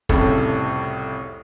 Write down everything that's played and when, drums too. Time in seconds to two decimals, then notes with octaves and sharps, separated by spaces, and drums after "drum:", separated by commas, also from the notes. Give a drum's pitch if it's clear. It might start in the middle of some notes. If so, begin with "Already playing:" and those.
0.09 C2 F2 A2 C#3 A4, drum: kick